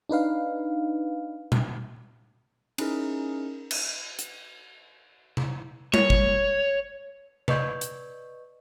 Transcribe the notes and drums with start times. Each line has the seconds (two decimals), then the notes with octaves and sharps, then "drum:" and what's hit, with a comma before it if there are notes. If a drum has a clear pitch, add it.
0.09 D4 D#4 B4 F5
1.52 drum: tom A#2
2.78 C#4 D#4 E4 G#4 A#4, drum: cymbal
3.71 drum: cymbal
4.19 drum: hi-hat
5.37 drum: tom C3
5.94 C#5, drum: tom G3
6.10 drum: kick
7.48 B4 D5 D#5 C#6 G6 G#6, drum: tom C3
7.81 drum: hi-hat